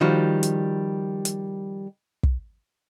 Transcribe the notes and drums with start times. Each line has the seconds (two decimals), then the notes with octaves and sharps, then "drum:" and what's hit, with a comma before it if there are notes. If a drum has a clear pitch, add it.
0.01 D#3 F3 G3 F#4
0.43 drum: hi-hat
1.25 drum: hi-hat
2.23 drum: kick